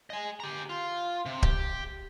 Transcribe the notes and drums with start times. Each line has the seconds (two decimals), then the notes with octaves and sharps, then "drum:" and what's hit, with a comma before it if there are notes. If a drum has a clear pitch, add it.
0.10 D#5 G#5
0.40 G4 A#5
0.69 F4
1.26 C3
1.42 G4, drum: kick D1